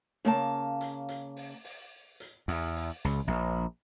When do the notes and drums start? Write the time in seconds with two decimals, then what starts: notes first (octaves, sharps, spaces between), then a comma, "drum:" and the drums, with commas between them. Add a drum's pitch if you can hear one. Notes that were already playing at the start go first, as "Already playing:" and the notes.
0.25 C#3 A#3 A5
0.81 drum: hi-hat
1.09 drum: hi-hat
1.37 drum: open hi-hat
1.64 drum: open hi-hat
2.20 drum: hi-hat
2.48 E2, drum: open hi-hat
2.76 drum: open hi-hat
3.05 C#2, drum: hi-hat
3.27 A#1